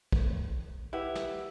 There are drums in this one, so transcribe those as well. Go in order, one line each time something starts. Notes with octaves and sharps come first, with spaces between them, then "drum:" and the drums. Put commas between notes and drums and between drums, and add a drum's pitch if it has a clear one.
drum: kick
E4 G4 B4 F#5
drum: snare